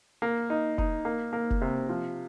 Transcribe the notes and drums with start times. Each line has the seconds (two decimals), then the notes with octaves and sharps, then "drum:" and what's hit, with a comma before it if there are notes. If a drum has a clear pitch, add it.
0.22 A#3
0.50 D#4
0.78 D#4, drum: kick F1
1.05 A#3
1.33 A#3
1.50 drum: kick F1
1.61 C3
1.89 F3